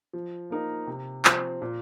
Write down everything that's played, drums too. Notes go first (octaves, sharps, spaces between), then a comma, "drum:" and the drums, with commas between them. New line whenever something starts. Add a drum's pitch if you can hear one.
F3
A#3 D#4 A#4
C3
F3 C4, drum: clap
A#2